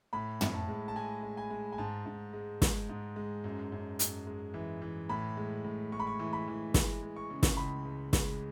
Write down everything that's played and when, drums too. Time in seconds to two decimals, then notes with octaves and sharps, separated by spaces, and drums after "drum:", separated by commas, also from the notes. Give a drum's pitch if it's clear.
0.13 A2 B5
0.41 A2, drum: tom
0.54 A5
0.68 G#3
0.88 A5
0.96 G#3 G#5
1.23 G#3
1.37 G#5
1.50 G#3
1.73 G#5
1.78 G#2 A5
2.06 G#2
2.33 G#3
2.62 G#3, drum: snare
2.89 G#2
3.16 G#3
3.44 F#2
3.72 F#2
3.99 F#2, drum: hi-hat
4.27 G#3
4.54 E3
4.82 E3
5.09 A2 B5
5.37 G#3
5.64 A2
5.92 G#3 C#6
6.00 B5
6.07 C#6
6.19 E3
6.33 B5
6.48 E3
6.74 G#3, drum: snare
7.03 G#3
7.16 C#6
7.30 C#3
7.43 drum: snare
7.57 C#2 B5
7.85 C#2
8.13 G#3, drum: snare